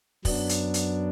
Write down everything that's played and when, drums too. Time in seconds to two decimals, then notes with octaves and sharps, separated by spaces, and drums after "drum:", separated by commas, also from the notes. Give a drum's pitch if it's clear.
0.25 F#2 F#3 B3 D4, drum: kick, open hi-hat
0.49 drum: hi-hat
0.74 drum: hi-hat